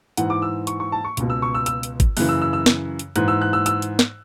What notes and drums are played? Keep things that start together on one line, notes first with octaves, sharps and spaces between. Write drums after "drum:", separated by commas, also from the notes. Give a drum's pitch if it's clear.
G#2 E3 F#5, drum: hi-hat
D6
E6
C#6, drum: hi-hat
C#6
A5
C#6
C#2 B2, drum: hi-hat
E6
C#6
E6
E6, drum: hi-hat
drum: hi-hat
drum: kick, hi-hat
F#2 C#3 E3 F#6, drum: open hi-hat
E6
E6
E6
drum: snare
drum: hi-hat
G#2 E3 F#6, drum: hi-hat
E6
F#6
E6
E6, drum: hi-hat
drum: hi-hat
drum: snare